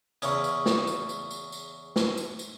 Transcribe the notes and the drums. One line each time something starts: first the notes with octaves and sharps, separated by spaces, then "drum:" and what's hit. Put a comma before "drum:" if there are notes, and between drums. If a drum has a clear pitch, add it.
E2 C#3 F5 C#6 D#6, drum: tambourine
drum: tambourine
drum: snare
drum: tambourine
drum: tambourine
drum: tambourine
drum: tambourine
drum: snare
drum: tambourine
drum: tambourine